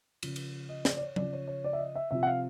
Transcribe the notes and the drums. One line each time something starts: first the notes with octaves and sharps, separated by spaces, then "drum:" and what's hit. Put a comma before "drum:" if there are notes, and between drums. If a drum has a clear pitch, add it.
C#3 F3, drum: cymbal
drum: cymbal
D#5
D5, drum: snare
D5
C#5
C#3 F3 D5, drum: tom F#3
C#5
C#5
D5
E5
D#5
E5
C3 F3 E5
F#5
F5